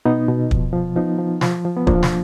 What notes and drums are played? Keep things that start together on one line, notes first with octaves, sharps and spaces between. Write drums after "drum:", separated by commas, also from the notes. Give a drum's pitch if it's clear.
B2 B3 D#4
B2
F3, drum: kick
F3
F3 B3 D#4
F3
F3, drum: snare
F3
B3
F3 A#3 D4, drum: kick
drum: snare